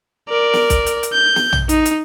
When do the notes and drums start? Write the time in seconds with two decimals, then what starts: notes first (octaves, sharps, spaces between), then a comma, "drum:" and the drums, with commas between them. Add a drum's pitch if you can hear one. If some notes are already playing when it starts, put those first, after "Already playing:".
0.29 A#4 D5
0.53 drum: snare
0.70 drum: kick B1, hi-hat
0.86 drum: hi-hat
1.03 drum: hi-hat
1.12 G6
1.36 drum: snare
1.53 drum: tom
1.69 D#4, drum: hi-hat
1.86 drum: hi-hat